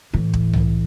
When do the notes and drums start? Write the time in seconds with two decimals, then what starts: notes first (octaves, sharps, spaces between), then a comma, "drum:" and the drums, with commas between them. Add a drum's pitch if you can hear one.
0.13 A2 E3
0.34 drum: kick
0.53 drum: tom C2